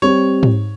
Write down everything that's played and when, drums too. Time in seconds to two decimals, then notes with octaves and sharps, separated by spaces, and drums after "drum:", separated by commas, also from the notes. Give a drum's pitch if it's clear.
0.02 G3 C4 G4 C#5
0.43 drum: tom G#2